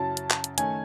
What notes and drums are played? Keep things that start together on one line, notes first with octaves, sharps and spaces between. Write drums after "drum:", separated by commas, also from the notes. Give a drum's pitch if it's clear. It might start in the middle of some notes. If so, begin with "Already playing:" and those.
Already playing: F#2 C#3 F#3 C#4 E4 A5
drum: hi-hat
drum: clap
drum: hi-hat
D#3 A3 C#4 G#5, drum: hi-hat